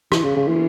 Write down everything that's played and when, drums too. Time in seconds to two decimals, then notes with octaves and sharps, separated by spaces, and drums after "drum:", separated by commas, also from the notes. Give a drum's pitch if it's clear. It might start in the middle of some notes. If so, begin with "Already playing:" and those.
0.12 E3, drum: rim click
0.23 C#3
0.36 C#3
0.47 E3, drum: cymbal